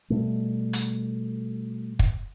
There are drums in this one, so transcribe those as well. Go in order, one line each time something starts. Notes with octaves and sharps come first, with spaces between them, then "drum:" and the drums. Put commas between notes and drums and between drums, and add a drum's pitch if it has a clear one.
B2 G3 A3
drum: hi-hat
drum: kick